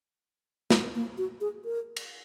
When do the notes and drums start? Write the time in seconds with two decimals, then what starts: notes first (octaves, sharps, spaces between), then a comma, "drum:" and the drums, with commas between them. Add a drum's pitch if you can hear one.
0.70 G#3, drum: snare
0.95 A#3
1.18 F#4
1.41 G#4
1.65 A#4
1.97 drum: cymbal